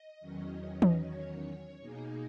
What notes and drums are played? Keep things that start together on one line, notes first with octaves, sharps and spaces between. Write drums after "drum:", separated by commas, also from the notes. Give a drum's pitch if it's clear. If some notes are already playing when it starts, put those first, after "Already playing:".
Already playing: D#5
E2 D#3 F#3 C#4
drum: tom E3
C#5
B2 A#3 D#4 G#4